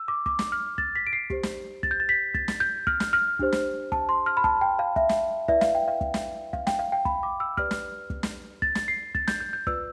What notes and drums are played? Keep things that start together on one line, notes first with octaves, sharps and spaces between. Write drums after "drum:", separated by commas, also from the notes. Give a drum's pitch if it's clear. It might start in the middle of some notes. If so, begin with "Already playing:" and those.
Already playing: E6
D6
D6, drum: kick
drum: snare
F6
A6, drum: kick
B6
D7
C7
G4 C5, drum: kick
drum: snare
A6, drum: kick
G6
A6
B6
A6, drum: kick
drum: snare
G6
F6, drum: kick
drum: snare
F6
D4 G4 C5, drum: kick
drum: snare
A5, drum: kick
C6
F6
B5
A5, drum: kick
G5
F5
E5, drum: kick
drum: snare
E4 B4 D5 E5, drum: kick
F5, drum: snare
G5
F5
drum: kick
drum: snare
F5, drum: kick
G5, drum: snare
F5
G5
B5, drum: kick
D6
E6
G4 B4 D5 F6, drum: kick
drum: snare
drum: kick
drum: snare
A6, drum: kick
drum: snare
C7
A6, drum: kick
G6, drum: snare
G6
G6
F4 B4 D5 E6, drum: kick